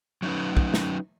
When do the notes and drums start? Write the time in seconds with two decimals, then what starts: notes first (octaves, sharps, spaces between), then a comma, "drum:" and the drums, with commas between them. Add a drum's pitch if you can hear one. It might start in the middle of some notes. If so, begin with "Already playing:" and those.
0.22 F#3 C#4 D#4 B4
0.57 drum: kick
0.74 drum: snare